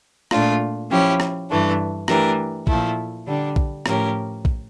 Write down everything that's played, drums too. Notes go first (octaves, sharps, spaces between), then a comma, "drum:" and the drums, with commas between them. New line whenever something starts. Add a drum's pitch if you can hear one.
A#2 A3 D4 F4, drum: rim click
F3 C#4 E4 G4
drum: rim click
G2 E3 A3 D4
E3 A3 D4 G4 A#4, drum: rim click
A#2 F3 A3 E4, drum: kick A#1
D3 G3 D4
drum: kick A#1
A2 F3 C#4 G4 A#4, drum: rim click
drum: kick A#1